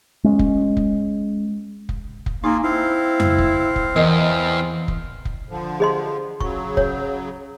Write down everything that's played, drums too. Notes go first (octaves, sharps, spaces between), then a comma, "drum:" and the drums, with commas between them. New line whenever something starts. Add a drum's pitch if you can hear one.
G#3 C#4
drum: kick F1
drum: kick F1
drum: kick F1
drum: kick F1
A#3 D#4 F4 G#4
C4 E4 F5
drum: tom F2
drum: kick F1
drum: kick F1
E2 E3 A#4 D#5
drum: kick F1
drum: kick F1
D3 F3
G#4 D#5 C6
C#3 F#3 C#6, drum: kick F1
C#5, drum: kick F1